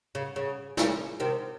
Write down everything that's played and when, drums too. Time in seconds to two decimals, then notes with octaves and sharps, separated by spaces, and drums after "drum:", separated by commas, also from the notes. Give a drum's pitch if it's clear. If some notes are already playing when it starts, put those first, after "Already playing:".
0.15 C#3
0.36 C#3
0.77 C#3, drum: snare
1.20 C3 D#3